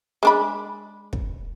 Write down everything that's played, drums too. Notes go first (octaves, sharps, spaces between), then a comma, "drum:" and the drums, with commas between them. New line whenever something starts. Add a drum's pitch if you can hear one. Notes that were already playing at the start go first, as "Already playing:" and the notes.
G#3 D4 B5
drum: kick